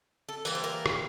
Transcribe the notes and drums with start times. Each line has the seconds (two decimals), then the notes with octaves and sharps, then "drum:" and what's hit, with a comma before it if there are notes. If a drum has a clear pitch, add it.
0.29 A4
0.45 E3 G3 A#3 A#4, drum: tambourine
0.55 C5
0.64 A#4
0.86 drum: rim click